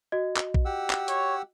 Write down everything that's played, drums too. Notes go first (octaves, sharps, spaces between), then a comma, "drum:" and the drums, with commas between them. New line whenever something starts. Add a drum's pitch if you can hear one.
F#4 D#5
drum: clap
drum: kick
G4 F#5 E6
drum: clap
C#5, drum: hi-hat